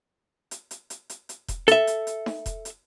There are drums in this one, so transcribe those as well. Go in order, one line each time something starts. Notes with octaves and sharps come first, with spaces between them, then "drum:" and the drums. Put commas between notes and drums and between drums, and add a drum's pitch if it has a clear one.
drum: hi-hat
drum: hi-hat
drum: hi-hat
drum: hi-hat
drum: hi-hat
drum: kick E1, hi-hat
A4 E5, drum: hi-hat
drum: hi-hat
drum: hi-hat
drum: snare D#4
drum: kick E1, hi-hat
drum: hi-hat